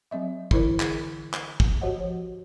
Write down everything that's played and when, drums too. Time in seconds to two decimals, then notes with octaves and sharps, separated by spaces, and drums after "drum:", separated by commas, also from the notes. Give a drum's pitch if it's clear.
0.11 F#3 C4 D#5 E5
0.51 D3 E3 E4 A#4 C5 D5, drum: kick
0.80 G#4, drum: clap
1.33 drum: clap
1.60 drum: kick
1.81 F#4 G4 C5 C#5 D#5 F#5
1.96 F3 C#5